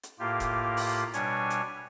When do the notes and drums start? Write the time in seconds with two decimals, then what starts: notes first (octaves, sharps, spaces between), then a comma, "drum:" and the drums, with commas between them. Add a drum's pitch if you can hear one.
0.03 drum: hi-hat
0.19 A2 A#3 F4 G4
0.40 drum: kick E1, hi-hat
0.77 drum: open hi-hat
1.14 B2 G3 D4 C#5 G#5, drum: hi-hat
1.50 drum: hi-hat